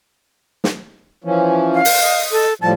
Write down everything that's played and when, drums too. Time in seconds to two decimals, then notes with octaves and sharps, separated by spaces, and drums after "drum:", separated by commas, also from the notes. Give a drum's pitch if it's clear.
0.64 drum: snare
1.24 E3 F3 C#4
1.74 F5
1.85 drum: open hi-hat
2.01 D#5
2.32 A4
2.62 A2 F3 G3 A5